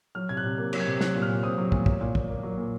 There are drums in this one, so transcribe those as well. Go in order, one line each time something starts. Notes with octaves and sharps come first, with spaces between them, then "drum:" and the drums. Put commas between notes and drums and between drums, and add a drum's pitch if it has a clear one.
F#3 F6
C3 G#6
F#6
C3
A#3
F#3, drum: cymbal
G#6
C3
F#3 F#6, drum: snare
A#2
F6
A#2
C4 D#6
F#3
A#2, drum: kick
F#3, drum: kick
A#2
A#2, drum: kick
A#3
F#3
A#2